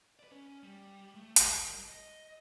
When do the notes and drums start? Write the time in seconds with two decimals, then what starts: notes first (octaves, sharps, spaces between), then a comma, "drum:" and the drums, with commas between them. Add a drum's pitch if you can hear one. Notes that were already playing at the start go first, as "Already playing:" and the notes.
0.19 B4 D5
0.32 C#4
0.63 G3
1.16 A3
1.36 G3 A#4, drum: hi-hat
1.88 D#5